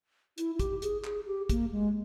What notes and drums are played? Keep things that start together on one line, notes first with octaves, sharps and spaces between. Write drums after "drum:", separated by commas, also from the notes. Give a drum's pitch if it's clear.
E4, drum: hi-hat
E4
G4, drum: kick, hi-hat
G#4, drum: hi-hat
G#4, drum: clap
G4
A#3, drum: kick, hi-hat
G#3